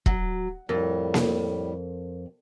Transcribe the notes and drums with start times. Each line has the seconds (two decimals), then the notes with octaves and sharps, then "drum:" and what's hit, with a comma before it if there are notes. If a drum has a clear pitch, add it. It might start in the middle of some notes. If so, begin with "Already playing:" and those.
0.06 F#3, drum: kick
0.69 F2 A2 G3 A#4
1.14 drum: snare A#3